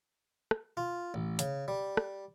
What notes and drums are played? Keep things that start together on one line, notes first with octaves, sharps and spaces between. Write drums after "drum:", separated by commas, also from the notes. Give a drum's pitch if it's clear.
drum: rim click
F4
A1
C#3, drum: hi-hat
G3
drum: rim click